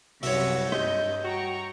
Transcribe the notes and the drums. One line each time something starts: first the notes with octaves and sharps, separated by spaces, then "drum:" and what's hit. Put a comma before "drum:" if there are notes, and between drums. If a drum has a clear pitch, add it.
C2 F#2 F#4 C#5 E5, drum: open hi-hat
G2 D#5 G6, drum: rim click
F#4 G5 A#5 C#6